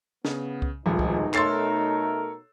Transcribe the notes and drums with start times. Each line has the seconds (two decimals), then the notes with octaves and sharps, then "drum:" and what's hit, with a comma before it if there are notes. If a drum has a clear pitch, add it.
0.25 C#3 B3, drum: snare
0.62 drum: kick C2
0.86 D#1 D2 B2 F3 G#3 D#4
0.99 drum: kick C2
1.34 A3 A4 A#4 C#5 C6 E6 A6 C7, drum: clap